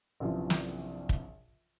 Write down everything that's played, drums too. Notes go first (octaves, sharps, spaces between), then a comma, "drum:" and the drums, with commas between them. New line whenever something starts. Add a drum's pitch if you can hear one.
A#1 F#2 C3 E3 F3
drum: snare
drum: kick